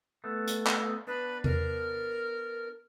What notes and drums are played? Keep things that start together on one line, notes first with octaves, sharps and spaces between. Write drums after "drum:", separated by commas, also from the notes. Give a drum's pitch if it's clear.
A3 B3
drum: hi-hat
drum: clap
B3 D4 B4
A#4, drum: tom E2